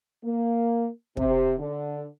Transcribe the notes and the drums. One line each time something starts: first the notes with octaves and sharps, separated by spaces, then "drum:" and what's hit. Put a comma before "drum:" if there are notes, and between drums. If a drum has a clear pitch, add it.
A#3
C3, drum: kick
D3